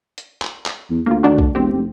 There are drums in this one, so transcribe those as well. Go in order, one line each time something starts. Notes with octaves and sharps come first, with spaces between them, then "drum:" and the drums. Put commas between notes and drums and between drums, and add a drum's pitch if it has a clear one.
drum: hi-hat
drum: clap
drum: clap
E2
D2 A#3 F4
D#3 D4 F#4
drum: kick B1
E1 C4 G4
F1